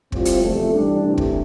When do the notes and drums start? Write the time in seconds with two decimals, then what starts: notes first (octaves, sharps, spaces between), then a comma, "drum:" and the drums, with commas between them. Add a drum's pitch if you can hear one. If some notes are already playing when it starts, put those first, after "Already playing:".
0.12 A2 G3 C4 F4 C5, drum: kick
0.25 drum: hi-hat
0.41 E2 C3 F3 A3
0.72 G2 E3 G3 D4
1.01 C3 E3 A3 C4 G4
1.18 drum: kick